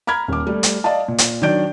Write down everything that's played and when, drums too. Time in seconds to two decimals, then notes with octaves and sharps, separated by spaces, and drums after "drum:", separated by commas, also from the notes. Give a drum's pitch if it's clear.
0.07 A#5 B5 F6 G#6
0.28 D#1 D6
0.47 G3 A3
0.63 drum: hi-hat
0.84 D5 D#5 F5 A5
1.08 A#2
1.18 drum: hi-hat
1.42 D#3 F#3 D4 D5 G6 D7